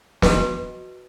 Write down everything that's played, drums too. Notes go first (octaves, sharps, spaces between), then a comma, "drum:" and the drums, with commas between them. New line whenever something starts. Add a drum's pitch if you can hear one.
F#4 B4 D#5, drum: snare